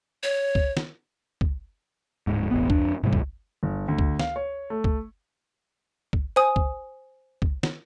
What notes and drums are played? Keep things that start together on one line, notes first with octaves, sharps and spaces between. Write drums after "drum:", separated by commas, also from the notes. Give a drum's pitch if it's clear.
C#5
drum: kick
drum: snare
drum: kick
D1 G#2
E1 A1 B3
F2 D4, drum: kick
G#2 C3 G3
drum: kick
G1
D2
drum: kick
F5, drum: snare
C#5
A3
drum: kick
drum: kick
C5 G#5 D#6
drum: kick
drum: kick
drum: snare